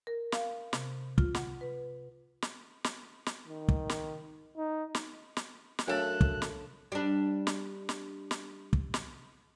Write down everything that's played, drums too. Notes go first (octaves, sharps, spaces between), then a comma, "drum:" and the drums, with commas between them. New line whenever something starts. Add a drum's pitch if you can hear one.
A#4
F5, drum: snare
C3, drum: snare
F4, drum: kick
F#5, drum: snare
B4
drum: snare
drum: snare
drum: snare
D#3
drum: kick
drum: snare
D#4
drum: snare
drum: snare
drum: snare
F#2 A3 D4 A4 C#5 F5 G5 F#6
drum: kick
drum: snare
G3 D4
drum: snare
drum: snare
drum: snare
drum: kick
drum: snare